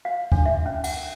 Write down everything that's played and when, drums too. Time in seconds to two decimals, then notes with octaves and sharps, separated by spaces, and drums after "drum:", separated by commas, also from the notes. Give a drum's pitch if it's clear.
0.05 F5
0.32 D4, drum: kick
0.46 E5
0.66 C#4
0.84 F#5, drum: cymbal